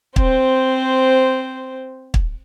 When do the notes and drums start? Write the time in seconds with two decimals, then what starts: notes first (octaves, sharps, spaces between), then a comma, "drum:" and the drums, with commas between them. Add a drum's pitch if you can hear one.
0.16 C4 C5, drum: kick
2.14 drum: kick